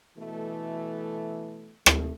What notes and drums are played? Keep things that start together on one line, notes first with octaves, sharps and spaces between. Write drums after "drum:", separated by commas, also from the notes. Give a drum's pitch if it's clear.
B2 E3 A3
A3, drum: rim click